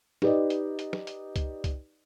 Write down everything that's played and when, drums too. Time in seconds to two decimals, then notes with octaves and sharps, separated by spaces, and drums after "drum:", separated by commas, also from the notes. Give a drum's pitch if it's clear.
0.22 D#4 G4 B4 D5 D#5, drum: snare
0.50 drum: hi-hat
0.79 drum: hi-hat
0.93 drum: snare
1.07 drum: hi-hat
1.36 drum: kick C2, hi-hat
1.64 drum: kick C2, hi-hat